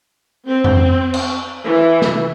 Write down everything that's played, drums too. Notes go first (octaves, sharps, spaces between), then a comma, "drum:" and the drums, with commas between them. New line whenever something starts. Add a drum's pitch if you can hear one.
C4
drum: tom F2
drum: cymbal
E3
drum: snare